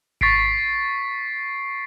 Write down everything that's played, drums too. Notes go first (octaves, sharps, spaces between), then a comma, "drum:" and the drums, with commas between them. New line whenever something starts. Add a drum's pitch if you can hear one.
C#6 A6 B6 C7 D7, drum: kick G#1